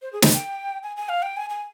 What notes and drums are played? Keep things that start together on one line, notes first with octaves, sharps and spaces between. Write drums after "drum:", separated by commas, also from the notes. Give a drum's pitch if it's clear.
C5
G#4
C5, drum: snare
G5
G#5
G#5
F5
G5
G#5
G#5